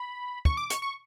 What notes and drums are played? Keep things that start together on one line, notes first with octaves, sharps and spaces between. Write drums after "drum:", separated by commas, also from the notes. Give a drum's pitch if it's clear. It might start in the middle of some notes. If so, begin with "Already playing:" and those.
Already playing: B5
C#6, drum: kick
D6
C#6, drum: hi-hat
C#6